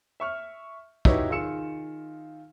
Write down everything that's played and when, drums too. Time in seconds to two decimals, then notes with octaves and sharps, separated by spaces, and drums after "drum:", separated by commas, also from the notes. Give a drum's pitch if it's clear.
0.20 E5 C#6 F6
1.05 D#4 E4 F#4 G4 B4 C#5, drum: kick
1.30 D#3 F4 G#4 E6 C#7 E7